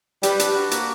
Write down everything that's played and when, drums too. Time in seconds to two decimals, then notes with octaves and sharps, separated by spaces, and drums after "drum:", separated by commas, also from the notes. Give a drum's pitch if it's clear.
0.23 G3 B4, drum: hi-hat
0.39 D4, drum: hi-hat
0.55 F#4
0.71 A#3, drum: hi-hat